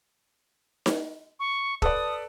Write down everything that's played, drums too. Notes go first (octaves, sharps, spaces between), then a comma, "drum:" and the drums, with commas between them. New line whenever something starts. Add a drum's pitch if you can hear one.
drum: snare D#4
C#6
A4 B4 D5 D#6, drum: kick